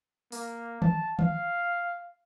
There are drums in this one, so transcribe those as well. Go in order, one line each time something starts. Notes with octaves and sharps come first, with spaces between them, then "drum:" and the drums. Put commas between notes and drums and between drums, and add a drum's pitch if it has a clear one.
A#3, drum: open hi-hat
A5, drum: tom D#3
F5, drum: tom D#3